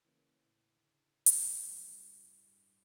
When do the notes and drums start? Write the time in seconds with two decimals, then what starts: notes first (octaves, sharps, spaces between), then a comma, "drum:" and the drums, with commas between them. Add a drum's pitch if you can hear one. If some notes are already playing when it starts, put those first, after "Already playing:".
0.05 C#3 E3 A#3 C#4
0.45 A2
0.75 D3
0.86 C#3
1.26 C#3, drum: hi-hat
1.46 D3
1.66 A2 C#3 E3 G3
2.07 G2
2.48 G2